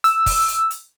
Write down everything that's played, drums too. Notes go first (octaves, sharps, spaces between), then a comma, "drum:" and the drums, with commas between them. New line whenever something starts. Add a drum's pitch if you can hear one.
E6, drum: hi-hat
drum: kick, open hi-hat
drum: hi-hat
drum: hi-hat